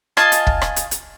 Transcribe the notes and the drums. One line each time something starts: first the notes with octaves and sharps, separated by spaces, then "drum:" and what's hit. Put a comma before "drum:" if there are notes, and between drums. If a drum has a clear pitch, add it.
F4 D#5 G#5 A5, drum: rim click
drum: hi-hat
drum: kick
drum: rim click
drum: hi-hat
drum: hi-hat